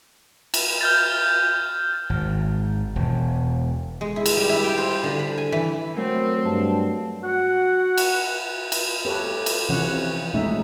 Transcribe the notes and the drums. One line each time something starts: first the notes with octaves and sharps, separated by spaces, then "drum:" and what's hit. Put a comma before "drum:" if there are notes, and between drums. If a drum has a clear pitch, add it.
drum: cymbal
F6 G6 A6
G#1
E1
G#3
E4
drum: cymbal
G3
E4
G5
C5
D3
B5
G#5
E3
F#3 A3 C4 A#4
G2 A5
F#4 F#5
drum: cymbal
drum: cymbal
G4 A4 B4 C#5
drum: cymbal
C3 E3 F3 C#4 C#5 F#5
A#2 G#3 A3 C#4 D#4 E5